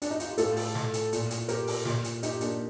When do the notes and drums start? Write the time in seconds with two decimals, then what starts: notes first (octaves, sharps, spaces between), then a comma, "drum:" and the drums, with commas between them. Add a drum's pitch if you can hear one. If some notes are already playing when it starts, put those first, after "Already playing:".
0.02 D4, drum: hi-hat
0.10 D#4
0.20 F4, drum: hi-hat
0.29 G4
0.38 A2 F4 A4, drum: hi-hat
0.57 drum: open hi-hat
0.75 drum: snare
0.94 drum: hi-hat
1.13 A#2, drum: hi-hat
1.31 drum: hi-hat
1.48 G4 A#4, drum: hi-hat
1.67 drum: open hi-hat
1.85 A#2, drum: snare
2.04 drum: hi-hat
2.23 D#4 G4, drum: hi-hat
2.41 A#3 D4, drum: hi-hat